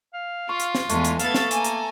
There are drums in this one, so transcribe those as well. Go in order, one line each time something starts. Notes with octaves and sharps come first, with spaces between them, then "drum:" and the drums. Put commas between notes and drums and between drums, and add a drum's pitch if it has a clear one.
F5
F4 C#6
drum: hi-hat
drum: snare
E2 E3 G#3 A3 G#5, drum: hi-hat
drum: hi-hat
B3 A4 F5 G#6 A6, drum: hi-hat
drum: snare
A#3 G#5 A#5, drum: hi-hat
drum: hi-hat